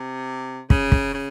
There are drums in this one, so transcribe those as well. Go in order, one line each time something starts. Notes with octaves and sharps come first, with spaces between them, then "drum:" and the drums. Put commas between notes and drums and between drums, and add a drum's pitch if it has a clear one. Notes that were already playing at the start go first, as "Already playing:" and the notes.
Already playing: C3
C#3, drum: kick
drum: kick
C#3